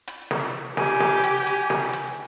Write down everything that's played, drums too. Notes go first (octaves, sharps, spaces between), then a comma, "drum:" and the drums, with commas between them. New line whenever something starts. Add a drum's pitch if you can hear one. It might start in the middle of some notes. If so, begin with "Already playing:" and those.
drum: hi-hat
drum: snare
G4 G#5, drum: snare
drum: snare
drum: hi-hat
drum: hi-hat
drum: snare
drum: hi-hat